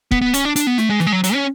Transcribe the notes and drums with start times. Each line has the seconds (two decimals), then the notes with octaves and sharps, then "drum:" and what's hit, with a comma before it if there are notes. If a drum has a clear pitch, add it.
0.11 B3, drum: kick
0.21 B3
0.34 C#4, drum: hi-hat
0.45 D4
0.56 D4, drum: hi-hat
0.67 B3
0.78 A3, drum: snare
0.89 G#3
1.00 E3, drum: snare
1.06 G#3
1.12 F#3
1.24 F#3, drum: hi-hat
1.34 C#4